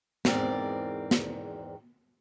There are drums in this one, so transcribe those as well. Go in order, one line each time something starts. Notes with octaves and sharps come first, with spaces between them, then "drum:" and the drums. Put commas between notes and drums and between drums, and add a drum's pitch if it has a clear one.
E2 G#2 C4 A#4 D5, drum: snare
drum: snare